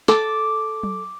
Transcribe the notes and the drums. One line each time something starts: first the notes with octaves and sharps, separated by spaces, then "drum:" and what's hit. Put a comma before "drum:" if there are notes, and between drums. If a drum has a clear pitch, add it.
A4 D6, drum: snare
drum: tom F#3